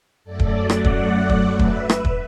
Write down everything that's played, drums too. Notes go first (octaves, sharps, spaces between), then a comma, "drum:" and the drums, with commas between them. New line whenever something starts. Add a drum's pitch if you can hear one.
F#2 F#3 A3 A4 D5
drum: kick
D5 F#5, drum: rim click
drum: kick
drum: kick
B4 E5, drum: kick
drum: rim click
drum: kick